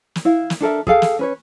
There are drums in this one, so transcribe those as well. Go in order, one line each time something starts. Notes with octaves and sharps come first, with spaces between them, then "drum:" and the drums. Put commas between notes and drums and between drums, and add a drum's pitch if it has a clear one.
drum: snare
E4 F5
drum: snare
D4 A4 A#4 E5
G#4 A4 F5 G5, drum: kick
drum: snare
C#4 B4 C#5